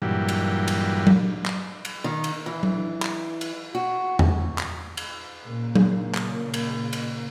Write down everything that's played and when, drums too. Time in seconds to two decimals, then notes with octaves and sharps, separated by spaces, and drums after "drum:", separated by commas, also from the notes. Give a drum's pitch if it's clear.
0.02 G2 A#2 E3 F#3 G3
0.29 drum: cymbal
0.68 drum: cymbal
1.07 drum: tom F#3
1.46 drum: clap
1.85 drum: cymbal
2.04 D#3
2.24 drum: cymbal
2.46 E3
2.63 drum: tom F#3
3.02 drum: clap
3.41 drum: cymbal
3.75 F#4
4.19 drum: tom E2
4.58 drum: clap
4.97 drum: cymbal
5.45 A#2 C#3 A#3
5.76 drum: tom F#3
6.15 drum: clap
6.54 drum: cymbal
6.93 drum: cymbal